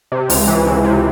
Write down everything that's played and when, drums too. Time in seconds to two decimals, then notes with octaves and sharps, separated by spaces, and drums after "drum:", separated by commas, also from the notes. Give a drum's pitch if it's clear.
0.12 C3
0.30 C#2, drum: open hi-hat
0.48 E3
0.67 C#2
0.84 C3